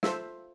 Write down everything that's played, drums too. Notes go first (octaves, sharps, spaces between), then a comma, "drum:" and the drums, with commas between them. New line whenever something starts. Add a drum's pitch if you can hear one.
F4 A4 C5 E5, drum: snare